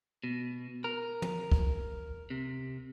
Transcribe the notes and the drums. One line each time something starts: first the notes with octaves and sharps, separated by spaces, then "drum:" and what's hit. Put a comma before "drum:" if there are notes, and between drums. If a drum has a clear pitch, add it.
B2
A#4
drum: tom
drum: kick
C3